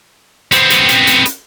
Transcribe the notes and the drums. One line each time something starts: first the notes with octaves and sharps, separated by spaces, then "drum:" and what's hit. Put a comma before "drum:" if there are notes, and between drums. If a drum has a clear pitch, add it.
B3 C4, drum: hi-hat
drum: hi-hat
drum: hi-hat
drum: hi-hat
drum: hi-hat